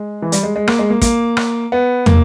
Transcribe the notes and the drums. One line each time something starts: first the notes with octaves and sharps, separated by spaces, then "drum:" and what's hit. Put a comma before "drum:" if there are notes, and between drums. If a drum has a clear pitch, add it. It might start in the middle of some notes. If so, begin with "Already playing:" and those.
Already playing: G#3
E3
G3, drum: hi-hat
G#3
G#3
A#3, drum: rim click
G#3
A#3
A#3, drum: kick, hi-hat
drum: rim click
B3
A#3, drum: tom